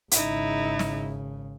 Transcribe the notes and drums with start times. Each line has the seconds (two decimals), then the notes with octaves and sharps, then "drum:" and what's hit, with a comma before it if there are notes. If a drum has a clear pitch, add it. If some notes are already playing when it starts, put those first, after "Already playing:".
0.11 G#1 C#3 D#4 E4, drum: hi-hat
0.79 drum: snare